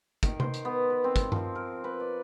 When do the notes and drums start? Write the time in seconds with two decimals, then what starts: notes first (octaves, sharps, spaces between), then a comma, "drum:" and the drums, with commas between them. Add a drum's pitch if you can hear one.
0.23 D#3, drum: kick, hi-hat
0.40 C5, drum: tom C3
0.54 drum: hi-hat
0.65 B3
0.90 B4
1.04 C4
1.16 drum: kick, hi-hat
1.32 F3, drum: tom G2
1.55 A#4
1.84 B4
2.00 D5